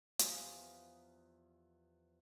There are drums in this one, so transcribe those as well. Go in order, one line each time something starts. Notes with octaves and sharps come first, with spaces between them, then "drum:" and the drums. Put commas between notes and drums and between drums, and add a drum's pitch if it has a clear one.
E2 F3 G4 B4 G#5 D#6, drum: hi-hat